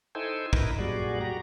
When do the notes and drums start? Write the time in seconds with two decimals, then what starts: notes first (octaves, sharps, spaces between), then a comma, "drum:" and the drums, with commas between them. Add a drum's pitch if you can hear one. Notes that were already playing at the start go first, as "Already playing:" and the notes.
0.15 D#4 E4 A4 C5 G5 G#5
0.53 D#4 E4 A#4 B4, drum: kick
0.79 F#2 A#2 G3 F#4 G#4 D5
1.21 F#4 G4 A#5